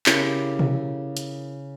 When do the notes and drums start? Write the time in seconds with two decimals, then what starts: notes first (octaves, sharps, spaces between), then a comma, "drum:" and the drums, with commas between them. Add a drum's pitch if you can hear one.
0.06 C#3 E4 G4 A#4, drum: clap
0.59 drum: tom B2
1.17 drum: hi-hat